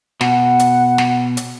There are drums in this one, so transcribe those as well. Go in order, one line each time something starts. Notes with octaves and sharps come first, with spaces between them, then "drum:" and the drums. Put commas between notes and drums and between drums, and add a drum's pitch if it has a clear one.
B2 F#5, drum: snare
drum: hi-hat
drum: snare
drum: hi-hat